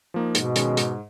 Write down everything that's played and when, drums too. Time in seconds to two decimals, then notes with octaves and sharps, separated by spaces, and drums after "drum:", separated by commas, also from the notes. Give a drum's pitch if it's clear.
0.14 F3 A#3 D#4
0.35 G#2 B2, drum: hi-hat
0.56 D#3 G#3 C#4, drum: hi-hat
0.77 G#2, drum: hi-hat